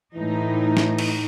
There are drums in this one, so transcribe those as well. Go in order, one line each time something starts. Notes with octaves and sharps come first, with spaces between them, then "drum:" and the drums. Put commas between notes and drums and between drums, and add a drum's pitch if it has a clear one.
A2 E3 D#4
drum: snare
drum: cymbal